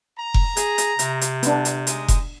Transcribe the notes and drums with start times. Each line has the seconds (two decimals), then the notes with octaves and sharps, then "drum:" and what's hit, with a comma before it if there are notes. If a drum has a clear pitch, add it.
0.18 A#5
0.34 drum: kick F1
0.57 G#4, drum: hi-hat
0.78 drum: hi-hat
0.99 C3, drum: hi-hat
1.21 drum: hi-hat
1.43 B3 D4, drum: hi-hat
1.65 drum: hi-hat
1.87 G#3 D#4 D#6, drum: hi-hat
2.08 drum: kick F1, hi-hat